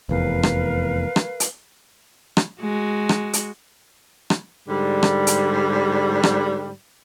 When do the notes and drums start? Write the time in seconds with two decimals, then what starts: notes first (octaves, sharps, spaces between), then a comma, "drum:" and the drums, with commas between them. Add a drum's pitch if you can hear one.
0.09 F1 E2 A#4 B4 F5
0.43 drum: rim click
1.16 drum: rim click
1.40 drum: hi-hat
2.37 drum: rim click
2.61 G#3 F#4
3.09 drum: rim click
3.33 drum: hi-hat
4.30 drum: rim click
4.69 G#2 D3 G3
5.03 drum: rim click
5.27 drum: hi-hat
6.23 drum: rim click